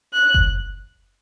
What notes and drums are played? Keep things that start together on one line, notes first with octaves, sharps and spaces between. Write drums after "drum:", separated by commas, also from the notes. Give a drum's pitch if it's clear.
F#6
drum: kick F#1